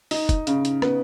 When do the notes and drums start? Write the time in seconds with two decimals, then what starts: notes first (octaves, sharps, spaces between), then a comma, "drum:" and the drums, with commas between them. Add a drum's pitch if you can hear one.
0.11 D#4, drum: open hi-hat
0.29 drum: kick, hi-hat
0.47 C#3, drum: hi-hat
0.65 drum: hi-hat
0.82 B3, drum: rim click